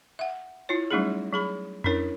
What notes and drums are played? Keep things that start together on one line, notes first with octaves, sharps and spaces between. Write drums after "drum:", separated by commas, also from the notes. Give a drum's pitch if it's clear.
E5 F#5
E4 F4 C#5
F#3 G3 A3 C#4 D#4 G#4
F#3 G#4 B5
C#4 D4 E4 A#4 C#5, drum: tom F2